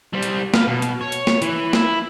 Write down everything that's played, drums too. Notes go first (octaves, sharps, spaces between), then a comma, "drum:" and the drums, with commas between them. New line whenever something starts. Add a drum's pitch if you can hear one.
G3 C5
drum: hi-hat
B3 F5, drum: snare A#3
B2
drum: hi-hat
C#5
drum: hi-hat
drum: snare A#3
E3, drum: hi-hat
E4, drum: snare A#3